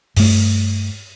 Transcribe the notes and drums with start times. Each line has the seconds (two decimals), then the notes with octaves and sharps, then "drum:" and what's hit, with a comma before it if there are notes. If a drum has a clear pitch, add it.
0.17 G2 A3, drum: open hi-hat